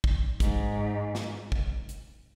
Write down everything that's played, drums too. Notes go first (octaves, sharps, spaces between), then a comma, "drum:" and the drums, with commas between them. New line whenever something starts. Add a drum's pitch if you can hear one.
drum: kick
G#2, drum: kick, hi-hat
drum: snare
drum: kick
drum: hi-hat